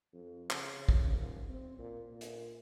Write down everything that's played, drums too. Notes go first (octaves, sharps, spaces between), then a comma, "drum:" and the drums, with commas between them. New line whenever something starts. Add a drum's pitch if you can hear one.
F2
C#3, drum: clap
drum: kick
D#1
C4
A#2
A#2
drum: hi-hat